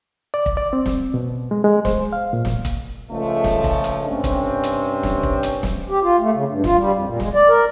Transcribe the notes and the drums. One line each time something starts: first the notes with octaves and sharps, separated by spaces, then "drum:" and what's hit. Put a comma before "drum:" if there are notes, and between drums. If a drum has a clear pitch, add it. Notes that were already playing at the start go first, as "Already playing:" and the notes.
D5
drum: kick
D5
C4
drum: snare
B2
G#3
G#3
C5, drum: snare
F5
A#2
drum: snare
drum: kick, hi-hat
C#2 F3 G#3 A3
drum: snare
drum: kick
drum: hi-hat
G2 C3 C4 C#4
drum: kick, hi-hat
drum: hi-hat
drum: snare
drum: kick
drum: hi-hat
drum: snare
G4
F4
A3
C#3
G2
F4, drum: snare
G3
F2
A#2
G#3, drum: snare
D5
A#4